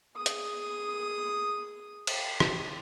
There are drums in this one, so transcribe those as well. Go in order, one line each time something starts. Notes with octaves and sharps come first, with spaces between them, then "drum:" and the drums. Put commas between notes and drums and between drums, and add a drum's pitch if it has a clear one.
G#4 D#6
drum: hi-hat
drum: cymbal
drum: rim click